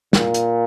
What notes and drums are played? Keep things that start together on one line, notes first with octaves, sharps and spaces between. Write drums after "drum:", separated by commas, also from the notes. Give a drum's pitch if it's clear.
A#2, drum: snare
drum: hi-hat